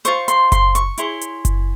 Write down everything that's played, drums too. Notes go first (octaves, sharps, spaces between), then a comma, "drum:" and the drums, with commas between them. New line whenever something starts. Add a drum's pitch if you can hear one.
F4 C5 C#6, drum: hi-hat
C6, drum: hi-hat
C6, drum: kick F#1, hi-hat
C#6, drum: hi-hat
E4 G#4 C#5 C6, drum: hi-hat
drum: hi-hat
drum: kick F#1, hi-hat